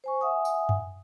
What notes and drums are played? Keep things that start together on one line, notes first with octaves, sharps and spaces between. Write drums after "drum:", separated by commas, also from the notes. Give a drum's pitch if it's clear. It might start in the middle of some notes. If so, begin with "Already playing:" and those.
C5 G#5 C#6
E5 F#5 G#5 D#6
drum: tambourine
drum: tom F#2